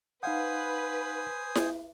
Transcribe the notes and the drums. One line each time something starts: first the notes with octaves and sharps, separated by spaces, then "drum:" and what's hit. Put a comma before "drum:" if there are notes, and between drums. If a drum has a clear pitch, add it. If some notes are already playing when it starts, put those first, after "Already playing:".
D#4 B4 C5 F5 F#5 G#5 D#6
drum: snare E4